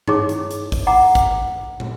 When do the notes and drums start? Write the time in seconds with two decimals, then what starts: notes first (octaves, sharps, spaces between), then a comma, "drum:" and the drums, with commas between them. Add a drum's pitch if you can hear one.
0.08 D#4 E4 G#4 C#5 C#6 D6, drum: tom G2
0.29 drum: hi-hat
0.51 drum: hi-hat
0.72 drum: kick G#1, open hi-hat
0.87 F#5 A#5 D6
1.15 drum: kick G#1, hi-hat
1.80 drum: tom